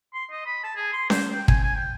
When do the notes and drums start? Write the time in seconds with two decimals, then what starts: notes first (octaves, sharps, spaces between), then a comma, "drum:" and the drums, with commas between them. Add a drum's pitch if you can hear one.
0.14 C6
0.31 D#5
0.46 B5
0.64 A5
0.76 G#4
0.93 C6
1.10 C5, drum: snare C#4
1.32 G5
1.48 G#5, drum: kick
1.63 G#5
1.76 G5